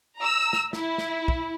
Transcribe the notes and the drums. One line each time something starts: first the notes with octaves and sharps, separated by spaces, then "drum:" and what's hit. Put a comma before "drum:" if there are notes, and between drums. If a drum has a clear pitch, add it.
A#5 E6
drum: snare
E4, drum: snare
drum: snare
drum: kick